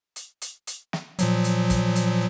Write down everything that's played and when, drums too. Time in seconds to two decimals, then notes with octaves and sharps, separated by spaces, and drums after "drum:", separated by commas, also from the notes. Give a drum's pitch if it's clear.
0.16 drum: hi-hat
0.42 drum: hi-hat
0.67 drum: hi-hat
0.93 drum: snare
1.19 A#2 F3 F#3, drum: hi-hat
1.44 drum: hi-hat
1.70 drum: kick, hi-hat
1.96 drum: hi-hat